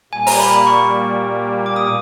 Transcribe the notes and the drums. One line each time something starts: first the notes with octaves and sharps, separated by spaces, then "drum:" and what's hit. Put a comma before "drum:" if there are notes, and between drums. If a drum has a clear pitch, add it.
A#2 G3 A#3 G#5
A#5, drum: open hi-hat
B5
B5
C#6
D6
D#6